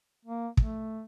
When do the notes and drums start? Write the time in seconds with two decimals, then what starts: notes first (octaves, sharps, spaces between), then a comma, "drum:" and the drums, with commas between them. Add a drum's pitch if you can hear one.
0.25 A#3
0.57 A3, drum: kick